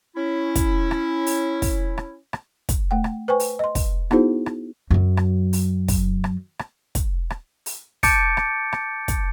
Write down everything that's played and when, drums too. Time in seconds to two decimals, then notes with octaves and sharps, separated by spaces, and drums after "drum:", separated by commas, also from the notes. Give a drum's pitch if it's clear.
0.16 C#4 E4
0.55 drum: kick, hi-hat
0.91 drum: rim click
1.26 drum: open hi-hat
1.62 drum: kick, open hi-hat
1.98 drum: rim click
2.33 drum: rim click
2.69 drum: kick, hi-hat
2.91 A3 F#5 G5
3.04 drum: rim click
3.28 B4 C5 G5 G#5 C#6
3.40 drum: open hi-hat
3.59 D#5 C6
3.75 drum: kick, open hi-hat
4.11 B3 D#4 E4 F#4 G#4 C5, drum: rim click
4.46 drum: rim click
4.91 F#2 F#3
5.17 drum: rim click
5.53 drum: open hi-hat
5.88 drum: kick, open hi-hat
6.24 drum: rim click
6.59 drum: rim click
6.95 drum: kick, hi-hat
7.30 drum: rim click
7.66 drum: open hi-hat
8.03 A5 D6 G6 A6 C#7 D7, drum: kick, open hi-hat
8.37 drum: rim click
8.73 drum: rim click
9.08 drum: kick, hi-hat